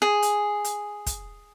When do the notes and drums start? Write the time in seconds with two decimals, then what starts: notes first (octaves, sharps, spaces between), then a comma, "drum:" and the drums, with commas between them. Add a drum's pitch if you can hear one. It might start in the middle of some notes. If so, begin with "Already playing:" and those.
0.02 G#4
0.22 drum: hi-hat
0.64 drum: hi-hat
1.06 drum: kick, hi-hat